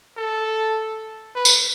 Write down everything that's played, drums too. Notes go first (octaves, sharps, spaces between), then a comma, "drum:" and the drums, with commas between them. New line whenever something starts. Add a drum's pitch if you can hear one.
A4
B4
drum: tambourine